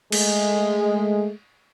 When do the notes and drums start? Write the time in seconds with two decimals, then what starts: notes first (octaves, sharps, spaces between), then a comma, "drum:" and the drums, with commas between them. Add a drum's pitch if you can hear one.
0.12 G#3 A3, drum: cymbal